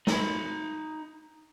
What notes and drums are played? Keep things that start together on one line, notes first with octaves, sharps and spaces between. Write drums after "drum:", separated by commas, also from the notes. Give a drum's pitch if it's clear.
D#4 B5, drum: snare